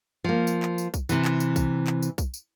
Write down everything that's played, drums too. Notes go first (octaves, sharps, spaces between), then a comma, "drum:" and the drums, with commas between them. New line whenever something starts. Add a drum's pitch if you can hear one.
F3 A#3
drum: tambourine
drum: clap
drum: tambourine
drum: kick B1, tambourine
C3 E3, drum: tambourine
drum: clap
drum: tambourine
drum: kick B1, tambourine
drum: clap
drum: tambourine
drum: kick B1, tambourine
drum: tambourine